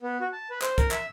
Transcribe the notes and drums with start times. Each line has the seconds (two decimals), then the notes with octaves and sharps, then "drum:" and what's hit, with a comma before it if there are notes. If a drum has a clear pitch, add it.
0.01 B3
0.21 F#4
0.33 A5
0.50 B4
0.62 C5, drum: clap
0.78 A#4, drum: kick, hi-hat
0.91 E5, drum: clap